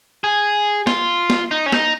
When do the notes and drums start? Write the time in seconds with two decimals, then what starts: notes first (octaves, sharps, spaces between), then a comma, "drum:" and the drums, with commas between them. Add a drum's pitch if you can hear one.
0.24 G#4
0.87 F4, drum: snare
1.30 drum: snare
1.51 D#4
1.66 C#4
1.72 D#4, drum: snare